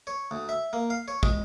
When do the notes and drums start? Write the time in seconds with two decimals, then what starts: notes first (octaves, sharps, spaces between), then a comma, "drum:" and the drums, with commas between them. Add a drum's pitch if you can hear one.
0.07 C#5
0.31 D2
0.49 E5
0.73 A#3
0.90 F5
1.08 C#5
1.23 G#3, drum: kick